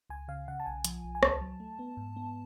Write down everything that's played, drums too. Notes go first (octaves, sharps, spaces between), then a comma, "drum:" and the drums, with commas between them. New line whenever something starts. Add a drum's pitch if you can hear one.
C#2 G#5
C#3 F5
C#3 F#5
A5
B1 G#5
F3, drum: hi-hat
B1
G#5
C#2 A5, drum: rim click
F#3
A3
B3
G#2
B3